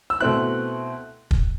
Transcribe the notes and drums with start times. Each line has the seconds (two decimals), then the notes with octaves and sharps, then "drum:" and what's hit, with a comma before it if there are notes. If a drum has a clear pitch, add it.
0.10 E6
0.20 B2 A3 C4 E4 F#6
1.31 drum: kick